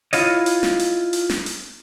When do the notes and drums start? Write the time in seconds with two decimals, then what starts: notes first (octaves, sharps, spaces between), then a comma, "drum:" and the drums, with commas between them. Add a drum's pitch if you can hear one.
0.13 E4 F4 C#5 D#5, drum: hi-hat
0.46 drum: hi-hat
0.63 drum: snare
0.79 drum: hi-hat
1.13 drum: hi-hat
1.30 drum: snare
1.46 drum: hi-hat